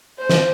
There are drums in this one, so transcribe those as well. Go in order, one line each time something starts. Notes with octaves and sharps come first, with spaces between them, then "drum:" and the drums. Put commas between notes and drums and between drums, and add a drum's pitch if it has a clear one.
C5
drum: snare